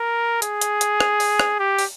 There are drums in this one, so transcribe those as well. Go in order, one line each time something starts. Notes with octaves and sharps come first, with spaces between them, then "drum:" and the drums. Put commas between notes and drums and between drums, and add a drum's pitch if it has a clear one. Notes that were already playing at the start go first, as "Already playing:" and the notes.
Already playing: A#4
G#4, drum: hi-hat
drum: hi-hat
drum: hi-hat
drum: rim click
drum: open hi-hat
drum: rim click
G4
drum: open hi-hat